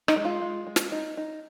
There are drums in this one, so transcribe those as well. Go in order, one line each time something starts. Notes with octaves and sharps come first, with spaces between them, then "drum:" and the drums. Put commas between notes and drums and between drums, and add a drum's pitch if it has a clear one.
D#4, drum: rim click
G#3
F4
G#3
G#3
drum: snare
D#4
D#4